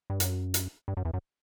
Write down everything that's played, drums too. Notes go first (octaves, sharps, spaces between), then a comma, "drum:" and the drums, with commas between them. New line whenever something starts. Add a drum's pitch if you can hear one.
G2
F#2, drum: hi-hat
drum: hi-hat
G2
F#2
E2
F#2